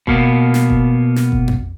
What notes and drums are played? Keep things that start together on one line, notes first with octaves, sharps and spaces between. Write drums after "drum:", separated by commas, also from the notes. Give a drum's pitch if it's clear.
B2 A#3 B3, drum: kick F#1
drum: snare
drum: kick F#1
drum: snare
drum: kick F#1
drum: tom F2